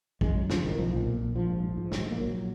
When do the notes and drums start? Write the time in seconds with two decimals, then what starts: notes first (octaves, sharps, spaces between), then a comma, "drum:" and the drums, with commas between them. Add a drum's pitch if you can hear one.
0.21 F#2 G#3, drum: kick
0.35 G#1 F#3
0.50 C#3 F3, drum: snare
0.64 G#1 D#3
0.78 B1 F3
0.93 A#2
1.07 B1
1.21 B1
1.35 A#1 F3
1.50 G#2
1.64 G#2
1.77 G#2
1.92 A#1 F#3, drum: snare
2.01 G#3
2.06 A#1
2.11 A#3
2.21 A#1 F#3
2.35 A#2